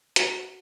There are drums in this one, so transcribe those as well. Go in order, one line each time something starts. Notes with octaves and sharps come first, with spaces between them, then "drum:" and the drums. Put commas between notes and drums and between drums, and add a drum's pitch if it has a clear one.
F#4, drum: hi-hat